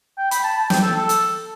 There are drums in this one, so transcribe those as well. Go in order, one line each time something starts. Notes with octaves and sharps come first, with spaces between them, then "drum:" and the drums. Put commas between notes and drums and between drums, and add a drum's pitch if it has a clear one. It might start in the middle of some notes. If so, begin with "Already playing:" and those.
G5
B5, drum: hi-hat
A5
A5
G5, drum: snare
A4
A4
drum: hi-hat